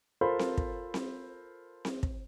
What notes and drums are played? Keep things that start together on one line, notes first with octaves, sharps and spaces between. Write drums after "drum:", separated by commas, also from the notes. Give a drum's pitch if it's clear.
F4 A4 A#4 C5 B5
drum: snare C4
drum: kick
drum: snare C4
drum: snare C4
drum: kick